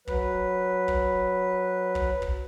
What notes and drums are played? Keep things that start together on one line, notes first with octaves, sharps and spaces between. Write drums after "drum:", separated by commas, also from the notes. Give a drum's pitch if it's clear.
F#3 B4, drum: kick
drum: kick
drum: kick
drum: kick